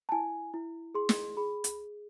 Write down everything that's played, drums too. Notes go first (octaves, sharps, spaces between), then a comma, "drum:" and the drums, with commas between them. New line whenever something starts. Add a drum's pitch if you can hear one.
A5
E4 G#5
E4
G#4 C6
drum: snare
G#4 B5
drum: hi-hat